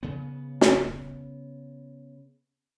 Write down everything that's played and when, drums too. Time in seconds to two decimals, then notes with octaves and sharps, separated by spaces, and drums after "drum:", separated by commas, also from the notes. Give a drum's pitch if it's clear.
0.03 C#3 B3
0.61 drum: snare